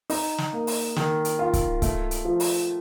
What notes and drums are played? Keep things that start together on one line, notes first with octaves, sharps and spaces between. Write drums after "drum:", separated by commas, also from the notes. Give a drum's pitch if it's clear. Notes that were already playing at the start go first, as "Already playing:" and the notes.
D#4, drum: open hi-hat
drum: snare
A#3
drum: open hi-hat
D#3, drum: snare
drum: hi-hat
F4
drum: kick C#1, hi-hat
A3, drum: kick C#1, hi-hat
drum: hi-hat
F3
drum: open hi-hat